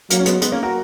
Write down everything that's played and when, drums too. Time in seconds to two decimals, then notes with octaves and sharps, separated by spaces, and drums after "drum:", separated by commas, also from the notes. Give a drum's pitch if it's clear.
0.10 F#3 A#3, drum: hi-hat
0.19 C#4
0.26 G#3 B3, drum: hi-hat
0.42 G#3 B3, drum: hi-hat
0.52 A#3 C#4
0.63 F#4 A#4